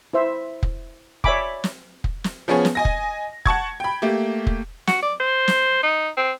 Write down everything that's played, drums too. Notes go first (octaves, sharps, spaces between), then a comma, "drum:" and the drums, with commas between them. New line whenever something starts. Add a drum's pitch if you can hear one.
E4 C5 E5
drum: kick
C#5 D5 E5 G#5 B5 D6, drum: kick
drum: snare
drum: kick
drum: snare
F3 B3 C#4 G#4 C#5
drum: snare
D#5 G#5 A#6
drum: kick
F#5 A5 C#6 G#6, drum: kick
G5 B5
A3 A#3 G4
drum: kick
F#4, drum: snare
D5
C5
drum: snare
D#4
C4